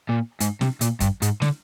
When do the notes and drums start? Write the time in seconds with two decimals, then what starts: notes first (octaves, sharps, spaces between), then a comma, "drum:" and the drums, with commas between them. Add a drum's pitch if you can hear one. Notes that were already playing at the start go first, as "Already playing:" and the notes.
0.09 A#2
0.41 G#2, drum: hi-hat
0.61 C3, drum: snare
0.81 A#2, drum: hi-hat
1.00 G2, drum: kick, hi-hat
1.22 G#2, drum: hi-hat
1.42 D3, drum: snare